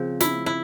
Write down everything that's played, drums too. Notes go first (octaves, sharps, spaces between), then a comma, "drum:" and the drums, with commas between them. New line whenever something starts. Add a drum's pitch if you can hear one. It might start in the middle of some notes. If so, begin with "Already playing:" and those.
Already playing: C#3 F3 C4
E4, drum: snare
E4